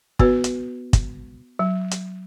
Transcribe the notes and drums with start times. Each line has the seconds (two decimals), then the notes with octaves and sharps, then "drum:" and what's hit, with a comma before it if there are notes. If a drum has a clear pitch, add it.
0.19 B3 F#4 B4, drum: kick
0.44 drum: hi-hat
0.93 drum: kick, hi-hat
1.59 F#3
1.91 drum: hi-hat